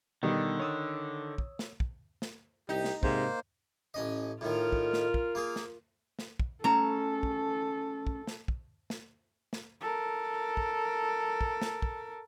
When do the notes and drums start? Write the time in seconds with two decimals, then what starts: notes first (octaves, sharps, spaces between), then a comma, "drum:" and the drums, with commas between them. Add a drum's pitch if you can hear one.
0.23 B2 D3 D#3 G3 B3
0.60 C#5 D#6 E6
1.38 drum: kick
1.59 drum: snare
1.80 drum: kick
2.22 drum: snare
2.69 C2 D#4 G4
2.85 drum: snare
3.03 G#2 C3 A#3 C5, drum: kick
3.94 A1 C#4 D#5
4.41 A2 D#3 F4 A#4
4.72 drum: kick
4.93 drum: snare
5.14 drum: kick
5.35 A#3 G#4
5.56 drum: snare
6.19 drum: snare
6.40 drum: kick
6.64 A3 C#4 A4 A5 A#5
7.23 drum: kick
8.07 drum: kick
8.27 drum: snare
8.48 drum: kick
8.90 drum: snare
9.53 drum: snare
9.81 A4 A#4
10.57 drum: kick
11.41 drum: kick
11.62 drum: snare
11.82 drum: kick